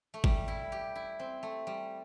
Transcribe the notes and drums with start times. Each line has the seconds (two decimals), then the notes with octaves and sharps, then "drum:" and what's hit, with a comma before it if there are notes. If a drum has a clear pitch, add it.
0.14 A3
0.24 G3, drum: kick G1
0.48 E4
0.72 G4
0.95 E4
1.20 C4
1.43 A3
1.67 G3